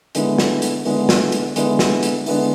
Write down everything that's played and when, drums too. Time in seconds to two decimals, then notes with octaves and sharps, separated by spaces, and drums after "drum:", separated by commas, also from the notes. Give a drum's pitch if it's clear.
0.15 D3 G#3 B3 E4, drum: hi-hat
0.38 drum: snare
0.62 drum: hi-hat
0.85 D3 G#3 B3 E4, drum: open hi-hat
1.09 drum: snare
1.32 drum: hi-hat
1.56 D3 G#3 B3 E4, drum: hi-hat
1.79 drum: snare
2.03 drum: hi-hat
2.26 D3 G#3 B3 E4, drum: open hi-hat